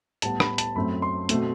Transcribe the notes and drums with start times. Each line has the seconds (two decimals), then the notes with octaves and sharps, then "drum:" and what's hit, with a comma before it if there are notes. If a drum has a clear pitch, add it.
0.22 A2 G3 B3 A5, drum: hi-hat
0.40 B5, drum: rim click
0.58 A5, drum: hi-hat
0.76 F#2 F#3 A3 C4 B5
1.02 C6
1.29 B2 A3 C4, drum: hi-hat